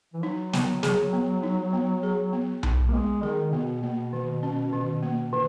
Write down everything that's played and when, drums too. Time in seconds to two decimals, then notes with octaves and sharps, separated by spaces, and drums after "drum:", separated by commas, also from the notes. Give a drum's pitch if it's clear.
0.14 E3
0.23 F#3 D#4
0.53 B3, drum: snare
0.83 G#4, drum: snare
1.13 B3
1.43 D#4
1.73 B3
2.03 G#4
2.33 B3
2.63 D#4, drum: tom B1
2.88 A#3
2.93 G#3 B3
3.23 D#3 G#4
3.53 B2 B3
3.82 B2 A#3
4.13 D#3
4.43 C#4
4.73 D#3
5.03 A#3
5.33 D#3